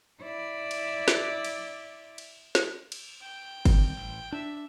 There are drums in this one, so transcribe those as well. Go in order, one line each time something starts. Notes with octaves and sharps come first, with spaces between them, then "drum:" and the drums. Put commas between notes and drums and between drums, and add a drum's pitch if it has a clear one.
E4 D5
drum: cymbal
drum: snare
drum: cymbal
drum: cymbal
drum: snare
drum: cymbal
G5
D#3 G3 C4, drum: kick G1, cymbal
A1
D4 E5